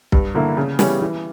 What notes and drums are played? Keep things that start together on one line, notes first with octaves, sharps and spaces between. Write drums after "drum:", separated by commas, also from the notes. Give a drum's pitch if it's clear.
G2, drum: kick B1
D3 A#3 E4
C#3
E3 G3 C#4, drum: snare
E3